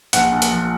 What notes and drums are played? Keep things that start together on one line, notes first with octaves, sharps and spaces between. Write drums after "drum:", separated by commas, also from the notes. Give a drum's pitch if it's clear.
A#1 F#5, drum: hi-hat
A#1
drum: hi-hat
F3